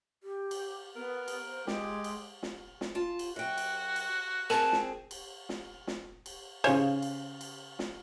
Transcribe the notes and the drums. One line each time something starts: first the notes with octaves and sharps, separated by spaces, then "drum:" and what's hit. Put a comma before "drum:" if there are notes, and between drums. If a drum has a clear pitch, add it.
G4
drum: cymbal
B3 A#4
drum: cymbal
C5
G#3 G4, drum: snare
drum: cymbal
drum: snare
drum: snare
F4 A5
drum: cymbal
F#2 F#4 G5
drum: cymbal
drum: cymbal
C4 G#4 A#4 A5
drum: snare
drum: cymbal
drum: snare
drum: snare
drum: cymbal
C#3 C5 C#5 F5 G#5, drum: cymbal
drum: cymbal
drum: cymbal
drum: snare